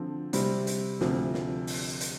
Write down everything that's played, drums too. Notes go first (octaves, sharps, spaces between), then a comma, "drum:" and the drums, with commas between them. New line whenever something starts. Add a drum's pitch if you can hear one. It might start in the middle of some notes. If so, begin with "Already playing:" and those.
Already playing: D3 F3 C4 A4
C3 G3 C4, drum: hi-hat
drum: hi-hat
D2 C3 F3, drum: snare
drum: snare
drum: open hi-hat
drum: hi-hat